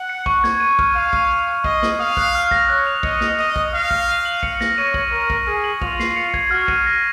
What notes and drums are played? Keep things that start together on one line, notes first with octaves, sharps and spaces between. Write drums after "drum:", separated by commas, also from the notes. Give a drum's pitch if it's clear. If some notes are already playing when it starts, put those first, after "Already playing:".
Already playing: F#5 F#6
C#7
C#6, drum: kick
G#6, drum: snare
D#7
F6, drum: kick
F5 D#7
G#6, drum: kick
G#6
G#6
D#5 C7, drum: kick
F#7, drum: snare
F5 D#6
F#6, drum: kick
F6
A#6, drum: kick
C#5 F#6
F7
D#5 C#7, drum: kick
C#7, drum: snare
D#5 F6
F6, drum: kick
F5 F6
F6, drum: kick
D#7
F#7
C#7, drum: kick
A#6, drum: snare
C#5 D#7
F#7, drum: kick
A#4 C#6
C#6, drum: kick
G#4 F6
F#7
F4 F7, drum: kick
C7, drum: snare
C#7
G#6, drum: kick
F#4 F6
D#7, drum: kick
A#6